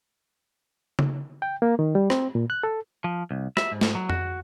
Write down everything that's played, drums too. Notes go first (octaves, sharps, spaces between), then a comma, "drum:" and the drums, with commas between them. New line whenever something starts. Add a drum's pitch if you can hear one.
drum: tom C#3
G5
A#3
D#3
G3
C4, drum: rim click
A#2
F#6
A4
F3
C2
E5, drum: rim click
G#2
drum: snare
F#3
F#4, drum: tom F2